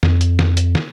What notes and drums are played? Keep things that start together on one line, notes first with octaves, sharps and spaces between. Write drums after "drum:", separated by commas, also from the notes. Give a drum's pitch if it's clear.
F2, drum: snare
drum: hi-hat
drum: snare
drum: hi-hat
drum: snare